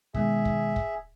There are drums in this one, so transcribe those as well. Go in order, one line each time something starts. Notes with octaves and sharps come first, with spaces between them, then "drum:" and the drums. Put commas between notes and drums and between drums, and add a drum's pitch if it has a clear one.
B2 D#3 G#3 G#4 E5, drum: kick
drum: kick
drum: kick